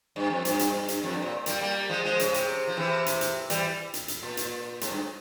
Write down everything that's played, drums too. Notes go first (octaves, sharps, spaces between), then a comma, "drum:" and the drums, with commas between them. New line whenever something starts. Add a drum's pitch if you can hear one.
G2
F2
G2, drum: hi-hat
drum: hi-hat
drum: hi-hat
F2
G2
A#2
G3 A#3, drum: hi-hat
G3 A#3
F3 G#3
F3 G#3
C#3, drum: hi-hat
C3, drum: hi-hat
F3
C3 E3
drum: hi-hat
drum: hi-hat
E3 G3, drum: hi-hat
drum: hi-hat
drum: hi-hat
A#2
drum: hi-hat
G#2, drum: hi-hat
G2